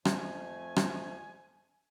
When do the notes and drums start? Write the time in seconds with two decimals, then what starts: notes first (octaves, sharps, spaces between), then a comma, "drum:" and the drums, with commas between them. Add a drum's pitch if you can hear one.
0.05 F2 F3 A3 G#5, drum: rim click
0.76 drum: rim click